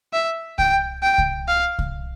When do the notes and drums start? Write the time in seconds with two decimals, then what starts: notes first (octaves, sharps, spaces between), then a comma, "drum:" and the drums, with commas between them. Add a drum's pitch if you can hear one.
0.13 E5
0.59 G5, drum: kick C2
1.03 G5
1.18 drum: kick C2
1.48 F5
1.79 drum: kick C2